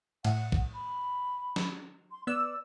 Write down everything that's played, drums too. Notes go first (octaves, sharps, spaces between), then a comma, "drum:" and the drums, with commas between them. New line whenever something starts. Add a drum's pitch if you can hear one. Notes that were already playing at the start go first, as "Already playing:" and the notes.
A2 F#5, drum: cymbal
drum: kick A#1
B5
drum: snare
C6
B3 D5 E6